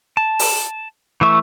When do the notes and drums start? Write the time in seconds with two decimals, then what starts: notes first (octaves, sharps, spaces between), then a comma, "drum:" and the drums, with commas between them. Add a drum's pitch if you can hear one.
0.17 A5
0.39 drum: open hi-hat
1.21 E3 A3 E5 C#6